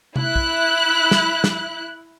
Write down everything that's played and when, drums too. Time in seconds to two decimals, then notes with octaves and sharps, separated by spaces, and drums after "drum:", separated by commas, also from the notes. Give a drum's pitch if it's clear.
0.16 E4 F#6, drum: tom C3
0.36 drum: kick
1.11 drum: snare
1.44 drum: snare